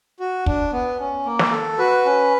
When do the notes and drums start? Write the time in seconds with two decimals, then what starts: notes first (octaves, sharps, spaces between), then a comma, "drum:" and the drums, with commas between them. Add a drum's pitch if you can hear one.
0.20 F#4
0.46 D4, drum: kick
0.73 B3
0.99 C#4
1.26 A#3
1.39 drum: snare
1.51 A4
1.78 F#4 B4
2.06 C#4